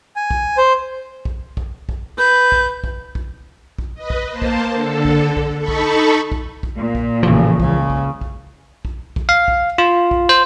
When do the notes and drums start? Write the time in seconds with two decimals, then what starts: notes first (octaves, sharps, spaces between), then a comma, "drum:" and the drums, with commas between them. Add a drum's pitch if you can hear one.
0.16 G#5
0.31 drum: kick
0.58 C5
1.25 drum: kick
1.57 drum: kick
1.89 drum: kick
2.18 B4 G6
2.52 drum: kick
2.84 drum: kick
3.15 drum: kick
3.78 drum: kick
3.94 B4 D#5
4.10 drum: kick
4.30 A#3 C5 A5
4.42 drum: kick
4.72 D3 A4
5.05 drum: kick
5.37 drum: kick
5.59 D#4 A4 A5 B5 C#6
5.68 drum: kick
6.32 drum: kick
6.63 drum: kick
6.77 A#2
6.95 drum: kick
7.23 A1 C#3 E3 F3
7.60 C#2 C#3, drum: kick
7.90 drum: kick
8.21 drum: kick
8.85 drum: kick
9.16 drum: kick
9.29 F5
9.48 drum: kick
9.78 F4
10.11 drum: kick
10.29 C5